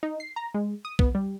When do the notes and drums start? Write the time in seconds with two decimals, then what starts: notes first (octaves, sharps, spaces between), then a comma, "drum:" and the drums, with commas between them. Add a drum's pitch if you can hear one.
0.03 D#4
0.20 C7
0.36 A#5
0.54 G#3
0.85 D#6
0.99 B3, drum: kick B1
1.15 G3